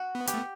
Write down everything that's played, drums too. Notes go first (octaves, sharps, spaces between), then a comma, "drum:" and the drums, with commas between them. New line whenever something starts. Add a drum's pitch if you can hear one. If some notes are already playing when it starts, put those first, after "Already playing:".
Already playing: F#4
B3
G4, drum: hi-hat
A3